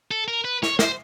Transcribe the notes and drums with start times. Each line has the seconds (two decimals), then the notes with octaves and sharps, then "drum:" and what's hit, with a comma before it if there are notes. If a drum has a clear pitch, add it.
0.11 A4
0.28 A#4
0.45 B4
0.63 C#5, drum: snare
0.79 C5, drum: snare